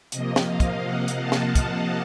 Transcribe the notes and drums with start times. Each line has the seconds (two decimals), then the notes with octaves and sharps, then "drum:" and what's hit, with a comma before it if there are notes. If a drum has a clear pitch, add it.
0.12 C3 F3 A#3 D#5, drum: hi-hat
0.36 drum: snare
0.48 F5
0.60 drum: kick, hi-hat
0.84 F#5
1.08 drum: hi-hat
1.19 A5
1.32 drum: snare
1.56 F#5, drum: kick, hi-hat